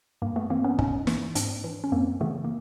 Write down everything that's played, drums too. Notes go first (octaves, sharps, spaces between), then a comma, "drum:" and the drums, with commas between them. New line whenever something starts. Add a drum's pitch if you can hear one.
G2 A#3
A3 B3
E3 A#3 C4
B3 C#4
G2 C#4 D#4, drum: kick
E3, drum: snare
G#2 C4 D4, drum: hi-hat
E3
C#4
F#2 A#3 C4
C#3 E3 A3 B3
A#3